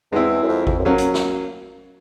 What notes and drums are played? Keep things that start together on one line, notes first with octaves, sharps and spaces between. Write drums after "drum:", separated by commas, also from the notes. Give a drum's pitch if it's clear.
E2 G#3 C4 E4
F#2
F2
F2, drum: kick G#1
F#2
F2 F#3 A#3 C#4
drum: hi-hat
drum: snare